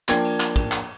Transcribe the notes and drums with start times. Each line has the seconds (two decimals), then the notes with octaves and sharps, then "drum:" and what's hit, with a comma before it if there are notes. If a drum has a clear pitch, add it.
0.09 F3 A#3 D4 G5 G#6, drum: clap
0.24 drum: cymbal
0.40 drum: clap
0.56 drum: kick, cymbal
0.71 drum: clap